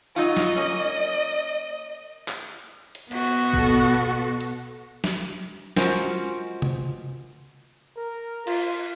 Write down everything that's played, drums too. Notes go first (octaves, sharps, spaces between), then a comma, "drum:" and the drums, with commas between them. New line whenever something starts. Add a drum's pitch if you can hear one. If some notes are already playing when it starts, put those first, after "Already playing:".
F#3 D#4 F4 D#5
drum: snare
A#3 C#4
drum: clap
drum: hi-hat
B3 F#4, drum: cymbal
B2 A4, drum: kick A1
drum: hi-hat
drum: snare
G#3 C#4 F4 F#4 A#4 C5, drum: snare
drum: tom C3
A#4
F4, drum: cymbal